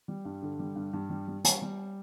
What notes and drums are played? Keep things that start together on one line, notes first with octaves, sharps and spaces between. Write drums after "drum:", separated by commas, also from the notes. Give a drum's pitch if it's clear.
G3
G2
D3
G3
G2
G2
G3
G3
G3, drum: hi-hat
G3